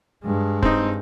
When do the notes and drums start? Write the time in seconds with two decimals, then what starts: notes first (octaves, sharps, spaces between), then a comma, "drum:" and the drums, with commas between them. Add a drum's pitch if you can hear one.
0.24 G2 G#3
0.62 C4 D#4, drum: kick